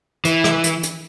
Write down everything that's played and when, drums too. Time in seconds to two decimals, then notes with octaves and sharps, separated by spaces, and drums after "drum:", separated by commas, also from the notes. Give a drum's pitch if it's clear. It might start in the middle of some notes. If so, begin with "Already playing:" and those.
0.25 E3, drum: hi-hat
0.44 drum: rim click
0.64 drum: hi-hat
0.83 drum: hi-hat